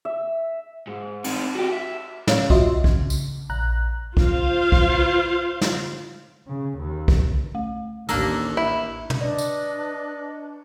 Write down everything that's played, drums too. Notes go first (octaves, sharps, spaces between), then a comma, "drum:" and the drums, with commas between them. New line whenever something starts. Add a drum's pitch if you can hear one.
E5
G#2
C4 D#4, drum: cymbal
F#4 G4
E5
A2 C#4 C#5 F5, drum: snare
F4 F#4 D#5 E5 C6, drum: kick B1
C#3, drum: kick B1
drum: tambourine
A#1 A#5 F#6
F4 C5 F5, drum: kick B1
drum: kick B1
drum: snare
C#3
D#2
drum: kick B1
A3
A1 D#2 A#3 D4 E6, drum: cymbal
E4
drum: tom
D4 B4 D5 D#5
drum: tambourine